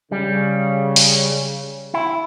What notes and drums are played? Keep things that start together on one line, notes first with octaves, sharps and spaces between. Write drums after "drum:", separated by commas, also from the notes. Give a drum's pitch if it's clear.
C#3 G3
drum: open hi-hat
E4